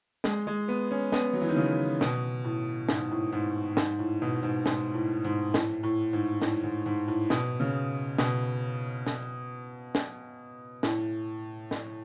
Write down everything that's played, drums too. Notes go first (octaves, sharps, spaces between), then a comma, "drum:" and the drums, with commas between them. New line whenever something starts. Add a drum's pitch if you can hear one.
G#3, drum: snare
G#3
B3
C#4
B3, drum: snare
F#3
E3
D#3
C#3
B2, drum: snare
A2
G#2, drum: snare
A2
G#2
G#2, drum: snare
A2
B2
G#2
G#2, drum: snare
A2
G#2
A2, drum: snare
A2
G#2
A2, drum: snare
G#2
G#2
A2
B2, drum: snare
C#3
B2, drum: snare
drum: snare
drum: snare
A2, drum: snare
drum: snare